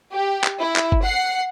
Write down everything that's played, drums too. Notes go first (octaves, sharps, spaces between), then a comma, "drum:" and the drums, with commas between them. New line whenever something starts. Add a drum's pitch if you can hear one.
G4
drum: clap
E4
drum: clap
drum: kick G1
F#5 C7